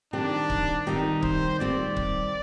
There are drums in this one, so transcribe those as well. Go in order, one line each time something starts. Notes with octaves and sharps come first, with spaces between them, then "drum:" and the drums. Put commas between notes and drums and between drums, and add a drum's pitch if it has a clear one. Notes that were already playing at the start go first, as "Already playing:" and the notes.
D#3 G3 C4 D4 G4
drum: kick C#1
D#3 G3 C4 D#4 G4
C5, drum: kick C#1
D#3 G3 C4 G4 D5
drum: kick C#1